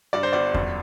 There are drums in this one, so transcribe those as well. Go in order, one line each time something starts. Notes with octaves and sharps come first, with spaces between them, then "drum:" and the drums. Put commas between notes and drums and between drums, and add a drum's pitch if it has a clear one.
G2 D5
C5
G1 D5
F#2, drum: kick E2